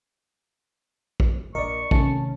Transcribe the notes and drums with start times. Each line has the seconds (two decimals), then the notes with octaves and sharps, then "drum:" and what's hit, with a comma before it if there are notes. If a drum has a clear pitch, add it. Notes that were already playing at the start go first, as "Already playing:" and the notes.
1.20 drum: kick
1.55 A#1 A#4 D5 D#5 C#6
1.91 C3 D#3 A3 C#4 A5, drum: kick